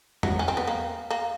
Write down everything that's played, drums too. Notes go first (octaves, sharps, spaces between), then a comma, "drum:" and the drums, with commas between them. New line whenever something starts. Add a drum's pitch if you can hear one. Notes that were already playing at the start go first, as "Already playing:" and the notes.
F#3, drum: tom E2
C#4
C4
B3
A#3
A#3